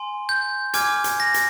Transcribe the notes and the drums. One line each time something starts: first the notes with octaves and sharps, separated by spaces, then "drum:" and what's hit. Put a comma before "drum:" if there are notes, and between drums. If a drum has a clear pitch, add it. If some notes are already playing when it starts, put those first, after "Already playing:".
Already playing: G#5 C6
G6
G#5 D6 F6 G#6, drum: hi-hat
drum: hi-hat
A#6
drum: hi-hat